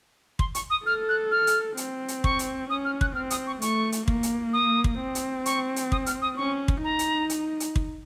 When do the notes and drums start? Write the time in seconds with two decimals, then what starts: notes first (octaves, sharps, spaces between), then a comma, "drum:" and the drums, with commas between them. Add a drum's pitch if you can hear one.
0.39 C6, drum: kick
0.55 C#6, drum: hi-hat
0.70 D#6
0.86 A4 F6
1.09 F#6
1.31 F6
1.47 drum: hi-hat
1.77 C4, drum: hi-hat
2.08 drum: hi-hat
2.24 C#6, drum: kick
2.39 drum: hi-hat
2.70 C#4 D#6
2.85 F6
3.01 F#6, drum: kick
3.15 C4 F6
3.30 D#6, drum: hi-hat
3.47 C#6
3.62 A3 C#6, drum: hi-hat
3.92 drum: hi-hat
4.08 A#3, drum: kick
4.23 drum: hi-hat
4.53 D#6
4.84 drum: kick
5.00 C4
5.15 drum: hi-hat
5.46 C#6, drum: hi-hat
5.76 drum: hi-hat
5.92 D#6, drum: kick
6.06 F6, drum: hi-hat
6.22 D#6
6.37 C#4 C#6
6.68 drum: kick
6.83 D#4 A#5
6.99 drum: hi-hat
7.30 drum: hi-hat
7.60 drum: hi-hat
7.76 drum: kick